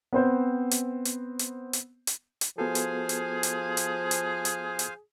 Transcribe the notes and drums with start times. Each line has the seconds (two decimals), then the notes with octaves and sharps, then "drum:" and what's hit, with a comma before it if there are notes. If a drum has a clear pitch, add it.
0.13 B3 C4 C5
0.71 drum: hi-hat
1.05 drum: hi-hat
1.39 drum: hi-hat
1.73 drum: hi-hat
2.07 drum: hi-hat
2.41 drum: hi-hat
2.58 F3 B3 F#4 G#4 A4 C5 F5 G#5
2.75 drum: hi-hat
3.09 drum: hi-hat
3.43 drum: hi-hat
3.77 drum: hi-hat
4.11 drum: hi-hat
4.45 drum: hi-hat
4.79 drum: hi-hat